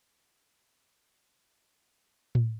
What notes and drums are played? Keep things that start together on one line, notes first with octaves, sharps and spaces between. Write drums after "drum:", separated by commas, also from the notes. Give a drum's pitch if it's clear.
E3 F#3 A3 A#3 C#4
drum: tom A2